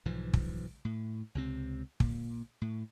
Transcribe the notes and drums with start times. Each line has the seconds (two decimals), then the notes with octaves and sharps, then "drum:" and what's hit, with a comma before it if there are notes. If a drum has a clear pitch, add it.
0.05 B1 G#2 E3 F3
0.33 drum: kick
0.85 A2
1.35 C#2 C3 C4
2.00 A#2, drum: kick
2.62 A2